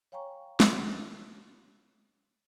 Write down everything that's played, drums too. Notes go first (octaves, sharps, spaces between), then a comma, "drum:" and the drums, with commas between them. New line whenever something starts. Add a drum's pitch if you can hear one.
C#5 F5 G5 G#5 A#5 C#6
drum: snare